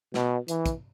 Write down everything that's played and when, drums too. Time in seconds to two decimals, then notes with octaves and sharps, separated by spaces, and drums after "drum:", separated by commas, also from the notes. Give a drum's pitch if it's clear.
0.14 B2, drum: snare
0.48 E3, drum: hi-hat
0.66 drum: kick, hi-hat